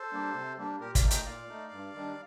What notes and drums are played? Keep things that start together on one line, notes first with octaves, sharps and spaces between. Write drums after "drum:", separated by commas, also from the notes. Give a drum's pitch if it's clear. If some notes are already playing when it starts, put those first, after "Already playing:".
Already playing: A4 C5
G3 A#3 D4
C3
G3 A#3 D4
A#2 G4 A#4
D5 F5, drum: kick, hi-hat
A3 D#4
D#5 G5, drum: hi-hat
A#2 D5 F5
A3 D#4
G2
D#3 G3 D4